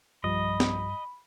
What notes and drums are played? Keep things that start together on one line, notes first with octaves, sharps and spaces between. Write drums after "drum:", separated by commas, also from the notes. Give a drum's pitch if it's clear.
B1 G2 F3 G3 D#5 B5
drum: snare